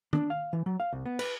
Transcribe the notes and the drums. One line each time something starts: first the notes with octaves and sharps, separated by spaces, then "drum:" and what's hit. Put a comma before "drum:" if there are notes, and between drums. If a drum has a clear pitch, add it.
D4, drum: tom
F5
E3
F#3
F5
C2
B3
B4, drum: cymbal